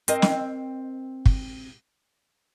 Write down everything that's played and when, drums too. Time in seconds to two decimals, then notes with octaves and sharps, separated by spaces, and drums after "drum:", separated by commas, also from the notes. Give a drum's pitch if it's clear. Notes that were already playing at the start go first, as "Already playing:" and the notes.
0.08 C4 A#4 D#5, drum: hi-hat
0.22 drum: snare
1.26 drum: kick